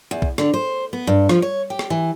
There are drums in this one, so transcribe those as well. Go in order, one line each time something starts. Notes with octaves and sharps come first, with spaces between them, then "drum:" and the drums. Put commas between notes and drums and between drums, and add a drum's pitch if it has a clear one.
E2
drum: kick
D3, drum: rim click
C5
B3
G2
F3, drum: rim click
C#5
G4
drum: rim click
E3